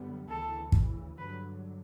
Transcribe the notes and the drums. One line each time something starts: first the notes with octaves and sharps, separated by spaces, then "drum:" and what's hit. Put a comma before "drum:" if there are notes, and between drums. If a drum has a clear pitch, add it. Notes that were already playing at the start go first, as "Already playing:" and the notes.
Already playing: F#2 D3 G3 B3
D2 C#3 E3 A4
drum: kick
G2 D3 F#3 B4